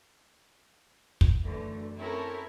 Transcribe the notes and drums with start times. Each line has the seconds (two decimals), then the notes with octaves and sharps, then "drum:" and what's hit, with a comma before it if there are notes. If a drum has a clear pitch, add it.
1.21 drum: kick
1.44 F#2 D3 E3 A3
2.00 C4 C#4 E4 A4 A#4 C#5